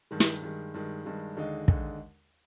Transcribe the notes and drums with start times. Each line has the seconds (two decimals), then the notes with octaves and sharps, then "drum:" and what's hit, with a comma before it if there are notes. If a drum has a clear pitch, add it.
0.11 G2 D#3 G#3
0.20 drum: snare
0.42 G2 D#3 G#3
0.74 G2 D#3 G#3
1.05 G2 D#3 G#3
1.37 D#2 D3 G#3 D#4
1.68 D#2 D3 G#3 D#4, drum: kick